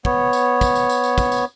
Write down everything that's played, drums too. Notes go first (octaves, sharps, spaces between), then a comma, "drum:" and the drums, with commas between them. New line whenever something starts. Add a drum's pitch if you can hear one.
B3 C#5, drum: kick
drum: tambourine
drum: kick, tambourine
drum: tambourine
drum: tambourine
drum: tambourine
drum: kick, tambourine
drum: tambourine